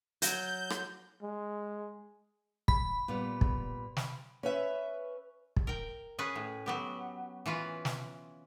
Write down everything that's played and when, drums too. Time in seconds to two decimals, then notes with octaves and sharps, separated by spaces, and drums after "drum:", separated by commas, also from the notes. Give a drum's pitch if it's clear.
0.22 F#3 G6, drum: hi-hat
0.70 drum: rim click
1.22 G#3
2.68 B5, drum: kick
3.08 A#2 G3 B3
3.41 drum: kick
3.97 drum: snare
4.43 C#4 B4 E5
5.56 drum: kick
5.67 A#4 G5
6.19 C#4 G#4 B4
6.35 A2
6.66 F#3 B3 G4
7.46 E3 C#4 F4 B4
7.85 drum: snare